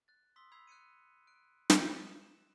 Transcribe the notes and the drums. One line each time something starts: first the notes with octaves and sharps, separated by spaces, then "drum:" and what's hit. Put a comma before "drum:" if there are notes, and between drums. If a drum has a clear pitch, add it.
F#6 A6
C6 D#6 E6 B6 G7
B5 E6 G#6 B6 C7 F7
F#6 G#6 C#7 D#7
F#6 D7
drum: snare
E7